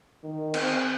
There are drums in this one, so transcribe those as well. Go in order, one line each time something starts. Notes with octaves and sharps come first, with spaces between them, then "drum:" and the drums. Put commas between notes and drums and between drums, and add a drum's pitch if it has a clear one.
D#3
C4, drum: cymbal